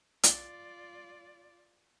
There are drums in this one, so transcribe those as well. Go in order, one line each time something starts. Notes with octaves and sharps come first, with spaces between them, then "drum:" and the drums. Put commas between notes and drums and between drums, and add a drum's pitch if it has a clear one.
F4 D5, drum: hi-hat